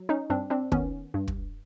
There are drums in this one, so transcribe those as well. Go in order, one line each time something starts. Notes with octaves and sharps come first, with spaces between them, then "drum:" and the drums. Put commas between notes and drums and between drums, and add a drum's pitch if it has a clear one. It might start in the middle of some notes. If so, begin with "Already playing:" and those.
Already playing: F#3
C#4 D#4
G2 C4 D4
C4 D4
D#3 B3 C#4, drum: kick
G2
drum: kick